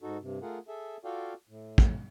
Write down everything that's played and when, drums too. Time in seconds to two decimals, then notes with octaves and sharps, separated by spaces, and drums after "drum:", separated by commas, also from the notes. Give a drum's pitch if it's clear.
0.02 G#2 D#4 F#4 A4
0.21 G2 C3
0.42 A3 F4 G#4 A#4 F#5
0.68 G#4 A4 E5
1.05 F4 F#4 A4 D5 F5 G5
1.49 A2
1.78 drum: kick